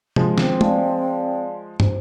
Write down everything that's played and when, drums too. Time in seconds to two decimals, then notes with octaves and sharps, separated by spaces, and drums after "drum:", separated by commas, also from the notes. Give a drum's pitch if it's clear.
0.16 F3 G#3, drum: tom
0.38 C4, drum: snare
0.61 D5 F5 A5, drum: tom G#3
1.80 C5, drum: tom